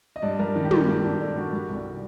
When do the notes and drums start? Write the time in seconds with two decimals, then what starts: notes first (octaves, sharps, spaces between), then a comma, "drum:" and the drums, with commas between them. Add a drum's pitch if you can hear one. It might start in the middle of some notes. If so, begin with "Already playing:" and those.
0.16 D#5
0.22 G2 D5
0.39 G3 A#4
0.55 D#3
0.65 G4
0.71 G2 A4, drum: tom
0.88 G2 G4
1.04 G2 D4
1.20 D4 A4
1.36 G3 F#4
1.53 G3
1.69 C2